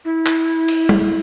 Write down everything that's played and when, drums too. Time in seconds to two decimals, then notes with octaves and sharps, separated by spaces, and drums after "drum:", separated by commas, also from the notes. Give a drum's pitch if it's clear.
0.05 E4
0.26 drum: clap
0.68 drum: cymbal
0.89 drum: tom G3